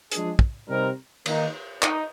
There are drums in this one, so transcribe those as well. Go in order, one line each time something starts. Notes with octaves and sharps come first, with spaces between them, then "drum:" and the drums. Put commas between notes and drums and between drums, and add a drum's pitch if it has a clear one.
F3 G#3 D4 G#4, drum: hi-hat
drum: kick
C3 G3 C4 D#4 A#4
D#3 A#3 D#4, drum: cymbal
D#4, drum: clap